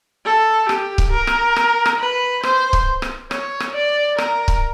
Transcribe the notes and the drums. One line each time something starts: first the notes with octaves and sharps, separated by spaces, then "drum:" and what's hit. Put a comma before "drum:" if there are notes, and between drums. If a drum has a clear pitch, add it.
A4
G4, drum: rim click
drum: kick C#1
A#4
drum: rim click
drum: rim click
drum: rim click
B4
C5, drum: rim click
drum: kick C#1
drum: rim click
C#5, drum: rim click
drum: rim click
D5
A#4, drum: rim click
drum: kick C#1